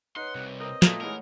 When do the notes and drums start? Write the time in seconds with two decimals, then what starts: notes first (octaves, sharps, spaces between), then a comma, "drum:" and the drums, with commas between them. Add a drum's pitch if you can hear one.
0.16 D#4 B4 C#5 F#5 C6
0.35 C2 C3
0.60 C4 A#4 D#5
0.82 A#2 A3 F4 A4, drum: snare
1.01 E3 G#3 A3 D#4 A#4 C#5 F#5